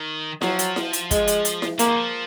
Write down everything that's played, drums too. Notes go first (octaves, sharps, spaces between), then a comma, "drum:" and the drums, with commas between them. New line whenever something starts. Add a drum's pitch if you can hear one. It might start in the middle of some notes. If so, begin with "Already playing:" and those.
Already playing: D#3
F3 F#3, drum: snare E4
drum: hi-hat
drum: snare E4
drum: hi-hat
G#3, drum: kick, hi-hat
drum: hi-hat
drum: hi-hat
drum: snare E4
F3 A#3, drum: hi-hat
D#3
F3